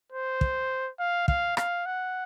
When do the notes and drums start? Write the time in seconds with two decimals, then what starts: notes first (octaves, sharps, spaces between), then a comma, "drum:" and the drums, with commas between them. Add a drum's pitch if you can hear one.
0.12 C5
0.41 drum: kick
0.99 F5
1.28 F5, drum: kick
1.57 F5, drum: rim click
1.86 F#5